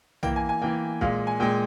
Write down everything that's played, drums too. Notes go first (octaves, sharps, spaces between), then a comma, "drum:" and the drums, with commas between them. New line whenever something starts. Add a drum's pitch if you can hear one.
E3 A#3 G5, drum: tom
G#5
G#5
E3 A#3 G5
A#2 G#3 F5, drum: kick
G#5
A#2 G#3 G5